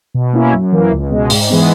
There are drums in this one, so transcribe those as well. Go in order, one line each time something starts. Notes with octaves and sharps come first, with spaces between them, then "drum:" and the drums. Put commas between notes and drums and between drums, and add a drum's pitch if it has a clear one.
B2
A#3 C#4 E4
F#2
E3 A#3
C#2
B2 G#3
G#2, drum: open hi-hat
E3 G#3 B3